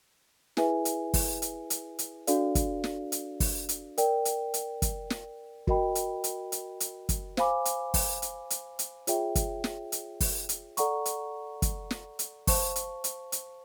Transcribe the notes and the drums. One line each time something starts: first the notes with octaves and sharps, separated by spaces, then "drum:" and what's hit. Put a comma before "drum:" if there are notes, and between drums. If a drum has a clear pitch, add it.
E4 G#4 B4 E5 G#5, drum: snare
drum: hi-hat
drum: kick, open hi-hat
drum: hi-hat
drum: hi-hat
drum: hi-hat
D4 F#4 A4 D5 F5, drum: hi-hat
drum: kick, hi-hat
drum: snare
drum: hi-hat
drum: kick, open hi-hat
drum: hi-hat
A#4 D5 G5, drum: hi-hat
drum: hi-hat
drum: hi-hat
drum: kick, hi-hat
drum: snare
F#4 A#4 D#5 G5 B5, drum: kick
drum: hi-hat
drum: hi-hat
drum: hi-hat
drum: hi-hat
drum: kick, hi-hat
C5 F5 G#5 B5 D6, drum: snare
drum: hi-hat
drum: kick, open hi-hat
drum: hi-hat
drum: hi-hat
drum: hi-hat
F4 G#4 C#5 E5 G5, drum: hi-hat
drum: kick, hi-hat
drum: snare
drum: hi-hat
drum: kick, open hi-hat
drum: hi-hat
A4 D5 F#5 A#5 C#6, drum: hi-hat
drum: hi-hat
drum: kick, hi-hat
drum: snare
drum: hi-hat
C5 F5 A5 C#6, drum: kick, open hi-hat
drum: hi-hat
drum: hi-hat
drum: hi-hat